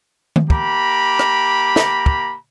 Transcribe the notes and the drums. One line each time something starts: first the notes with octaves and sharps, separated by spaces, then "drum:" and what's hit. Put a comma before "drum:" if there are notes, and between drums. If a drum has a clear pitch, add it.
drum: tom D#3
A#3 G4 A#5 B5, drum: kick
drum: rim click
drum: snare
drum: kick